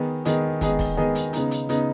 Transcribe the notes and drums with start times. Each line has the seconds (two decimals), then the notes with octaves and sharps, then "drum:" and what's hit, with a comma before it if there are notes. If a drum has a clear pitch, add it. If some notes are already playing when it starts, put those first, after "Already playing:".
Already playing: D#3 B3 G#4 D#5
0.25 D#3 B3 G#4 D#5, drum: hi-hat
0.61 D#3 B3 G#4 D#5, drum: kick, hi-hat
0.79 drum: kick, open hi-hat
0.97 D#3 B3 G#4 D#5
1.15 drum: hi-hat
1.33 C#3 B3 D#4, drum: hi-hat
1.51 drum: hi-hat
1.69 C#3 B3 D#4, drum: hi-hat